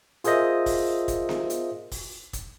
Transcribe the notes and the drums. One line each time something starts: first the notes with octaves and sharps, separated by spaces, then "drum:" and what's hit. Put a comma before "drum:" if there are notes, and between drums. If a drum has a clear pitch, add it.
F4 G#4 A#4 C5 D#5 E5, drum: hi-hat
drum: kick, open hi-hat
drum: kick, hi-hat
drum: snare B3
drum: hi-hat
drum: kick, open hi-hat
drum: kick, hi-hat